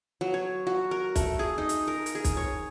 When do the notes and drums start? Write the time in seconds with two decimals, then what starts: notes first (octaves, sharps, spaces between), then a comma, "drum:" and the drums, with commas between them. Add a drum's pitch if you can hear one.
0.21 F#3
0.34 C#5
0.67 F#4
0.91 A#4
1.16 A3, drum: kick, hi-hat
1.39 G#4
1.58 D#4
1.69 drum: hi-hat
1.87 A#4
2.06 drum: hi-hat
2.15 G#4
2.24 drum: kick, hi-hat
2.37 C#5